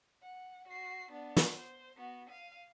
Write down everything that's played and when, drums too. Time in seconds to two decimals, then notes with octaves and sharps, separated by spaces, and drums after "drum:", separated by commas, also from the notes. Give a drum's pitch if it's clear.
0.23 F#5
0.68 F#4 C7
1.11 B3 D4
1.36 drum: snare
1.57 C5
1.97 B3 F#4
2.29 F5 D#7